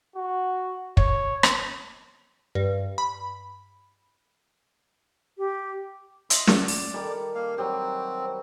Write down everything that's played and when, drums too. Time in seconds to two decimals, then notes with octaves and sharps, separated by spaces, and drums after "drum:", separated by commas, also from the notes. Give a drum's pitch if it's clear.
0.15 F#4
0.97 C#5, drum: kick
1.43 drum: rim click
2.55 G2
2.98 B5
5.38 G4
6.30 D#5 E5 C6, drum: hi-hat
6.47 D5, drum: snare
6.68 drum: open hi-hat
6.93 D#3 G3 A4
7.35 A#3 F5
7.58 F#3 G3 C4 G4